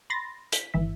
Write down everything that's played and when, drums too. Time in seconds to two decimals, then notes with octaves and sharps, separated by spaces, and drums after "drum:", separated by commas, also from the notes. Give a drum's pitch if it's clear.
0.10 B5 C6 A6 A#6
0.52 B6, drum: hi-hat
0.74 G#1 E3 E5